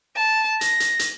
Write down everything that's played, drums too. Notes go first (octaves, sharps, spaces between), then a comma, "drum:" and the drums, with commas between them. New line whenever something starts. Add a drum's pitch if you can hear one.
A5
A#6, drum: hi-hat
drum: hi-hat
drum: hi-hat